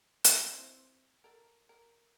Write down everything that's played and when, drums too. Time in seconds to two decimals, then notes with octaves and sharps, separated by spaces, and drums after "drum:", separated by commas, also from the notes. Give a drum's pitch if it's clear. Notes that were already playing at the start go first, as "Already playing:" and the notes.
0.25 E5, drum: hi-hat
0.52 C4 E4 C5
1.24 A4 A#4
1.69 A#4